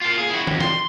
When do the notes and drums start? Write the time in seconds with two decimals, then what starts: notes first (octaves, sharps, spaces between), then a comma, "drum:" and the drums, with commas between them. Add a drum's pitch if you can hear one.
0.01 F4 A#4
0.18 G#4
0.30 E4 F#4
0.47 F2, drum: tom
0.61 C6, drum: snare